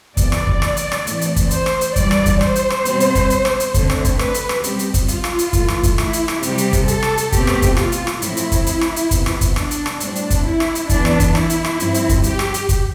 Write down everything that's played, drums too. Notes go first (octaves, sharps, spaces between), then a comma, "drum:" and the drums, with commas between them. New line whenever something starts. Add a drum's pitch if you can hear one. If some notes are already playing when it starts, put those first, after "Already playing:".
D2 C3 E3 B3 D5, drum: kick, hi-hat
drum: rim click
drum: kick
drum: rim click
drum: hi-hat
drum: rim click
A2 E3 A3 C4, drum: hi-hat
drum: hi-hat
drum: kick, hi-hat
C5, drum: hi-hat
drum: rim click
drum: hi-hat
G2 E3 G3 D5, drum: kick, hi-hat
drum: rim click
drum: kick, hi-hat
C5, drum: rim click
drum: hi-hat
drum: rim click
B2 G3 C4, drum: hi-hat
drum: hi-hat
drum: kick, hi-hat
drum: hi-hat
drum: rim click
drum: hi-hat
D2 D3 A3 C4, drum: kick, hi-hat
drum: rim click
drum: kick, hi-hat
B4, drum: rim click
drum: hi-hat
drum: rim click
B2 G3 C4 G4, drum: hi-hat
drum: hi-hat
drum: kick, hi-hat
F4, drum: hi-hat
drum: rim click
drum: hi-hat
A2 E3 A3, drum: kick, hi-hat
drum: rim click
drum: kick, hi-hat
E4, drum: rim click
drum: hi-hat
drum: rim click
C3 G3 C4 G4, drum: hi-hat
drum: hi-hat
drum: kick, hi-hat
A4, drum: hi-hat
drum: rim click
drum: hi-hat
B2 A3 C4 G4, drum: kick, hi-hat
drum: rim click
drum: kick, hi-hat
F4, drum: rim click
drum: hi-hat
drum: rim click
A2 F3 C4 E4, drum: hi-hat
drum: hi-hat
drum: kick, hi-hat
drum: hi-hat
drum: rim click
drum: hi-hat
C3 F3 B3, drum: kick, hi-hat
drum: rim click
drum: kick, hi-hat
D4, drum: rim click
drum: hi-hat
drum: rim click
A2 G3 C4 D4, drum: hi-hat
drum: hi-hat
drum: kick, hi-hat
E4
drum: rim click
drum: hi-hat
F2 E3 B3 D4, drum: kick, hi-hat
drum: rim click
drum: kick, hi-hat
E4, drum: rim click
drum: hi-hat
drum: rim click
G2 F3 C4, drum: hi-hat
drum: hi-hat
drum: kick, hi-hat
G4, drum: hi-hat
drum: rim click
drum: hi-hat
drum: kick, hi-hat